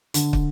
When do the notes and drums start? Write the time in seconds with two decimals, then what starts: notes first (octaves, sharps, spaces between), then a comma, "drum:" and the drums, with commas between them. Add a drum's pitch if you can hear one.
0.14 D3, drum: hi-hat
0.33 drum: kick